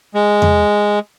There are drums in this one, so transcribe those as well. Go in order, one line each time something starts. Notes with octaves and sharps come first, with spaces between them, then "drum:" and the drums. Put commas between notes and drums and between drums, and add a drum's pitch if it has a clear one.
G#3
drum: tom E2